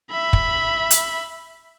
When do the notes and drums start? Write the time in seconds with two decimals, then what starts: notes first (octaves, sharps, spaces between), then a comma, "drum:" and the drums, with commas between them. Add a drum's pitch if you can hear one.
0.11 E5 B5
0.33 drum: kick
0.91 drum: hi-hat